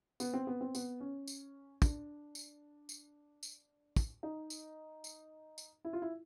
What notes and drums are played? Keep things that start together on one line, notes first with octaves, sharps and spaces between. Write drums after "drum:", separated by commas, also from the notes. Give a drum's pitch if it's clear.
B3, drum: tambourine
C4
B3
C4
B3, drum: tambourine
C#4
drum: tambourine
D4, drum: kick, tambourine
drum: tambourine
drum: tambourine
drum: tambourine
drum: kick, tambourine
D#4
drum: tambourine
drum: tambourine
drum: tambourine
E4
F4
E4